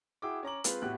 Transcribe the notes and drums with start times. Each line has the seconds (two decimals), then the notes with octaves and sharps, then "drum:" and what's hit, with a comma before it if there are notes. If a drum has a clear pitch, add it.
0.22 E4 F#4 G#4 G5 D6
0.43 C#4 A#5 D6 F#7
0.64 G#3 C4 F4 B4, drum: hi-hat
0.82 A2 B3 E4 F#4 G4 F#6